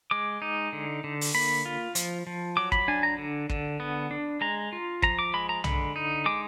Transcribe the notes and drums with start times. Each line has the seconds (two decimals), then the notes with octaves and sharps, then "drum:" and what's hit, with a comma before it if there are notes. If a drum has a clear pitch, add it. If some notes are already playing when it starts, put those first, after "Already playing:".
0.11 G#3 D6
0.42 D#4
0.73 D3
1.04 D3
1.21 drum: open hi-hat
1.35 A#3 B5
1.65 F4
1.95 F3, drum: hi-hat
2.27 F3
2.57 F#3 D6
2.72 B5, drum: kick
2.88 D4 G#5
3.03 A#5
3.18 D3
3.50 D3, drum: kick
3.80 B3
4.11 D4
4.41 G#3 A#5
4.73 F4
5.02 F3 A#5, drum: kick
5.19 D6
5.34 G#3 B5
5.49 A#5
5.64 D3 B5, drum: tom B1
5.96 D#4
6.26 G#3 D6